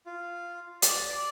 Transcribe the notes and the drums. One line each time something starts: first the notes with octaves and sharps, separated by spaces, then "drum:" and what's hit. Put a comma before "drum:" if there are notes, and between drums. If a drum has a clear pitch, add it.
F4
D5, drum: hi-hat
D5